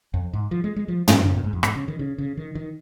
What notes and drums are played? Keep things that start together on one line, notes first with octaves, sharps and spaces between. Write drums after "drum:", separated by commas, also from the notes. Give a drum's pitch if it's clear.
F2
G#2
F3
G#3
G#3
F3
D#3, drum: tom
C#3
A#2
G#2
F2
G#2, drum: rim click
C#3
D#3
C#3
C#3
D#3
D#3